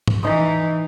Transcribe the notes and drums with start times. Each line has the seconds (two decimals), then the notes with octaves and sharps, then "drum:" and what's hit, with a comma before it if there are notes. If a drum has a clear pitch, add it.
0.07 drum: tom
0.23 E3 D#4 D#6